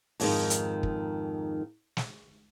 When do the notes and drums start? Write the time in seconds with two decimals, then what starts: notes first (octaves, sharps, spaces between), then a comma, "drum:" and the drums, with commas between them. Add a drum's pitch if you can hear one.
0.20 F2 G#2 D#3, drum: open hi-hat
0.50 drum: hi-hat
0.83 drum: kick
1.97 drum: snare